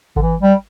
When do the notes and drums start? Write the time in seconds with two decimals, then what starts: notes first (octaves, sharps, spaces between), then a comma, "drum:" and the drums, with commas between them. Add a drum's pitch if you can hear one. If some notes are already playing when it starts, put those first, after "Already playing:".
0.16 D3, drum: kick G#1
0.22 E3
0.40 G3